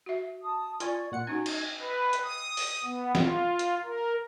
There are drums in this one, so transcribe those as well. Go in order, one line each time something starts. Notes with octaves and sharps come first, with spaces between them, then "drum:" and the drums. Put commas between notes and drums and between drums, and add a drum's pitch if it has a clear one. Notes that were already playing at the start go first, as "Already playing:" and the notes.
F#4 E5
A5 D#6
F4 D5 G#5 C#6, drum: hi-hat
A#2 F4 F#5 C#7
C#4 D#4 F#4 G#5 G#6
drum: cymbal
B4
drum: hi-hat
D#6
drum: open hi-hat
B3
F4, drum: snare
drum: hi-hat
A#4